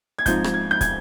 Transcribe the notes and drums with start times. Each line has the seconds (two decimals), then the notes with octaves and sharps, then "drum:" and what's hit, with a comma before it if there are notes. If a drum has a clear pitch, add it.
0.19 G#6
0.26 G#2 F3 C4 D#4 G6, drum: kick, hi-hat
0.44 drum: rim click
0.54 G#6
0.71 G6
0.81 G#6, drum: kick, hi-hat